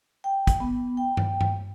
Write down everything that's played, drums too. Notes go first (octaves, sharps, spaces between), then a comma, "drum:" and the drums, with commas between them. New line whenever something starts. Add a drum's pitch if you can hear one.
G5
drum: kick, hi-hat
B3
G5
drum: tom G2
drum: tom G2